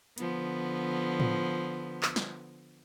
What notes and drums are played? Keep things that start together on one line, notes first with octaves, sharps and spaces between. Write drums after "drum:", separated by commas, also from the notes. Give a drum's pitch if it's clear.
D3 F3 B3, drum: hi-hat
drum: tom A2
drum: clap
drum: snare